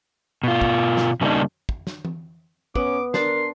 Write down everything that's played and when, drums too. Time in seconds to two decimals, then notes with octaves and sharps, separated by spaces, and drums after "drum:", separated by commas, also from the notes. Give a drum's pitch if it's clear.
0.43 B2 F4
0.61 drum: kick
0.97 drum: snare
1.21 C#3 G3 A3 A#3 D4 D#4
1.69 drum: kick
1.87 drum: snare
2.05 drum: tom E3
2.75 B3 C#4 D6, drum: kick
3.14 D4 A#4 A5 C6, drum: snare